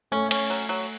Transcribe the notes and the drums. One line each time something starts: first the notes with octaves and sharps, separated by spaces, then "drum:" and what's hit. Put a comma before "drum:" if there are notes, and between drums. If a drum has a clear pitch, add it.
A3 C#4
C#4, drum: cymbal
F#3
F#3